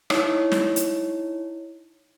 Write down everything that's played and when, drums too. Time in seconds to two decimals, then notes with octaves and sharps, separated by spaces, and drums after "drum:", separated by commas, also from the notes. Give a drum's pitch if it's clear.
0.10 D#4 E4 C#5, drum: rim click
0.52 drum: snare
0.76 drum: hi-hat